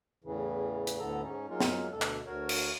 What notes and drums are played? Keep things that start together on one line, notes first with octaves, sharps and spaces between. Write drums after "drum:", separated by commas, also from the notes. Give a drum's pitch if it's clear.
E2 A2 C#3 E3
drum: hi-hat
D2 A2 D3 B3 A4 A#5
G#2 C#4 D#4
F#3 G#3 A#3 D#4 F4
drum: snare
D2 B2 A4
drum: clap
D2 F#4 A#4 C#5
drum: cymbal